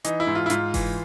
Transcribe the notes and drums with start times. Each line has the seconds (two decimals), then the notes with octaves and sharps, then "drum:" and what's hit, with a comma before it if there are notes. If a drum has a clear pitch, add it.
0.04 E3 D#4, drum: hi-hat
0.20 E4
0.27 G#2
0.35 F4
0.46 E4
0.50 G#2 F4, drum: hi-hat
0.74 E3, drum: kick F#1, open hi-hat